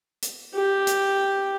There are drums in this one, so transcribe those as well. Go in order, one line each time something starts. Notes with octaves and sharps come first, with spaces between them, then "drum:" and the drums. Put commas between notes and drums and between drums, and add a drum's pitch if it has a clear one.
drum: hi-hat
G4
drum: hi-hat